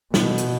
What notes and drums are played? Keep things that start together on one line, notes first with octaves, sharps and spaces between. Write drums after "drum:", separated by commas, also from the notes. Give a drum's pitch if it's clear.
B2, drum: snare
drum: hi-hat